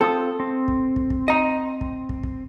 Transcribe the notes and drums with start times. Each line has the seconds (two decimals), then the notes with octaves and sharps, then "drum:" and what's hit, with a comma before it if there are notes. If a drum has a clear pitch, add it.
0.01 C4 F4 A4 D#6
0.40 C4
0.68 drum: kick
0.96 drum: kick
1.10 drum: kick
1.28 D#5 A#5
1.81 drum: kick
2.09 drum: kick
2.23 drum: kick